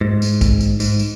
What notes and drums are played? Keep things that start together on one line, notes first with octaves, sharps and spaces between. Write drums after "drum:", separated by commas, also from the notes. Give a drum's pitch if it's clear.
G#2
drum: tambourine
drum: kick, tambourine
drum: tambourine
G#2, drum: tambourine
drum: tambourine